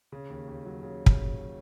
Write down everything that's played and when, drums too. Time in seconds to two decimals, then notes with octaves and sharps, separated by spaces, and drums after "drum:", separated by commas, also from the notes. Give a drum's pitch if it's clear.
0.12 C#3
0.30 D#2
0.48 D#2
0.66 F#3
0.83 C#3
1.06 drum: kick